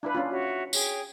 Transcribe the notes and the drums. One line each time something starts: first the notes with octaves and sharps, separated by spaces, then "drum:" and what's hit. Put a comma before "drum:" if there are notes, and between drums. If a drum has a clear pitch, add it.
D4 E4 B4 F5 B5
C#4 D4 F4
F#4 C#5 E5
G#4 C#5 G5, drum: tambourine